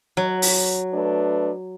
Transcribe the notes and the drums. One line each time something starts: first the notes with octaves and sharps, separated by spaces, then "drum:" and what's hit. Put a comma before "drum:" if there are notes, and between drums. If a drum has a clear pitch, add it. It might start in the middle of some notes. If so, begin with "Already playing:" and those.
F#3
drum: open hi-hat
A3 D4 B4